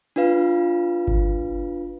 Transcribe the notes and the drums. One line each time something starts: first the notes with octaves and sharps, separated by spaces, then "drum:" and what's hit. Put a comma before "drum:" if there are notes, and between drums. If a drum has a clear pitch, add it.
D4 F4 B4 F5
drum: kick G1